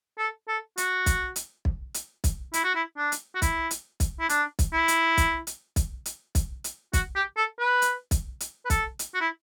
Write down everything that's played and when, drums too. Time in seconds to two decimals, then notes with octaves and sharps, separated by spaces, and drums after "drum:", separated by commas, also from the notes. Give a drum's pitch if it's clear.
0.18 A4
0.48 A4
0.78 F#4, drum: hi-hat
1.06 drum: kick, hi-hat
1.36 drum: hi-hat
1.65 drum: kick
1.94 drum: hi-hat
2.24 drum: kick, hi-hat
2.54 E4, drum: hi-hat
2.64 F#4
2.75 E4
2.97 D4
3.12 drum: hi-hat
3.35 F#4
3.42 E4, drum: kick, hi-hat
3.71 drum: hi-hat
4.00 drum: kick, hi-hat
4.20 E4
4.29 D4, drum: hi-hat
4.59 drum: kick, hi-hat
4.73 E4
4.88 drum: hi-hat
5.17 drum: kick, hi-hat
5.47 drum: hi-hat
5.76 drum: kick, hi-hat
6.06 drum: hi-hat
6.35 drum: kick, hi-hat
6.64 drum: hi-hat
6.93 F#4, drum: kick, hi-hat
7.15 G4
7.37 A4
7.59 B4
7.82 drum: hi-hat
8.11 drum: kick, hi-hat
8.40 drum: hi-hat
8.65 B4
8.70 A4, drum: kick, hi-hat
8.99 drum: hi-hat
9.14 F#4
9.21 E4